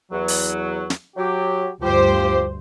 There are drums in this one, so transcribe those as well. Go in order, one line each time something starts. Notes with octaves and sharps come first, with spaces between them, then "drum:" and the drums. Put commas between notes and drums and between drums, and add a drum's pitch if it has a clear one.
E2 F#3
drum: open hi-hat
drum: snare
F#3 G4
D2 G2 F3 G4 C5